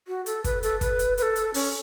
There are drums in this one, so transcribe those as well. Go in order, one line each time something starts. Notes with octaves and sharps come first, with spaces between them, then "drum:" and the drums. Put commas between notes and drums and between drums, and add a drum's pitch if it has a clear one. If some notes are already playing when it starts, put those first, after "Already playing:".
F#4
A4, drum: hi-hat
B4, drum: kick, hi-hat
A4, drum: hi-hat
B4, drum: kick, hi-hat
drum: hi-hat
B4, drum: hi-hat
A4
drum: hi-hat
C#4, drum: open hi-hat